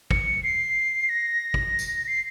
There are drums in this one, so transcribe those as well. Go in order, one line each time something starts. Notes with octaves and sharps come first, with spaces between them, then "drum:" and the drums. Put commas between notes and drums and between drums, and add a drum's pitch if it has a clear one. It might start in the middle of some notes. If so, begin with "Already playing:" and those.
C#7, drum: kick
C7
A#6
drum: kick
drum: tambourine
C7